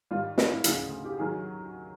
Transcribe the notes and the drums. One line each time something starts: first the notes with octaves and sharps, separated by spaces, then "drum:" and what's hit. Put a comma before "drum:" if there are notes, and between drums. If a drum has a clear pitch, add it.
G#2 D#3 G3 F4
E4, drum: snare
E4
D2 C#3 F3 D#4, drum: hi-hat
G4
D#3 F#3 G#4